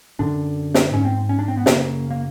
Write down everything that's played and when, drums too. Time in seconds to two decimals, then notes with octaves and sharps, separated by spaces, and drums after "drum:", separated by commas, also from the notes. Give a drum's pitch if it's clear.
0.19 F#2 D3 D4
0.74 drum: snare
0.92 G#2 C#4
1.05 C4
1.29 C#4
1.39 D4
1.48 C4
1.57 B3
1.66 F#2 C#3 A#3, drum: snare
2.10 A#3